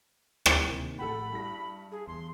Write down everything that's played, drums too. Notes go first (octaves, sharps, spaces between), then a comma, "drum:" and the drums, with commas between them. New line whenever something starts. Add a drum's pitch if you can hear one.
drum: rim click
C3 D#3 A#3
A#1 A2 A4 F#5 G5 B5
G2 G3 E4 A#6
G#4
E2 C6